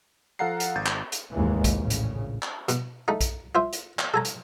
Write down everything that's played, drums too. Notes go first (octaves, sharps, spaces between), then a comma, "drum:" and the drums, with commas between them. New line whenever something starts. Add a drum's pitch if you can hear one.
F3 A4 F5 F#5 A#5 C7
drum: hi-hat
G#1 G6 A6
drum: clap
drum: hi-hat
F1 D#2 G#2 E3 G#3
drum: kick A#1, hi-hat
A#1 A2 C#3
drum: hi-hat
drum: clap
B2, drum: hi-hat
A3 D#4
drum: kick A#1, hi-hat
F4 C5 E5
drum: hi-hat
drum: clap
A4 G#5 A#5
drum: hi-hat